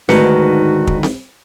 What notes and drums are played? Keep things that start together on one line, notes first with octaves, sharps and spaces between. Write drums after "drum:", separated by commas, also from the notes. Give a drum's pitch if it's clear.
D2 G#2 D#3 F#4 B4 C#7, drum: snare C4
drum: kick
drum: snare C4